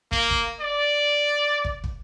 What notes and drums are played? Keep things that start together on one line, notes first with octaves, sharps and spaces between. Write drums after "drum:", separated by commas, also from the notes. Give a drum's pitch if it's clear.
A#3, drum: kick
drum: kick
D5
drum: kick
drum: kick